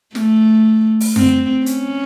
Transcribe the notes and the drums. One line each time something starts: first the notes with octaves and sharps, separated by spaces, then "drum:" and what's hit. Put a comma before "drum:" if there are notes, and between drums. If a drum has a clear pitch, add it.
A3, drum: snare
drum: open hi-hat
C4, drum: tom F#2
C#4, drum: hi-hat